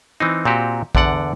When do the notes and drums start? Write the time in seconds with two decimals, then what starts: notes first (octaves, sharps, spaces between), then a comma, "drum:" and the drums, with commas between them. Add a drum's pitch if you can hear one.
0.20 E3 C4 D#4
0.45 A#2 C4 F#4 G4
0.95 E2 D3 D5 F#5, drum: kick A#1